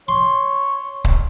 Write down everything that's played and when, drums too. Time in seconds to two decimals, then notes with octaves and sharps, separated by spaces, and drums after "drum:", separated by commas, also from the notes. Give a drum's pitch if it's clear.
0.08 C#5 C6
1.05 drum: kick C#1